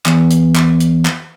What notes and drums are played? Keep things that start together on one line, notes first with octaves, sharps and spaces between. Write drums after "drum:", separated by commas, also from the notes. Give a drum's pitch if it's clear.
E2, drum: clap
drum: hi-hat
drum: clap
drum: hi-hat
drum: clap